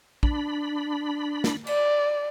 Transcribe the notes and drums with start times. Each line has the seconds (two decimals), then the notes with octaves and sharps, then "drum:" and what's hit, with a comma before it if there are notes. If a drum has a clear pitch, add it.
0.23 D4 B5, drum: kick
1.44 drum: snare
1.67 D5, drum: cymbal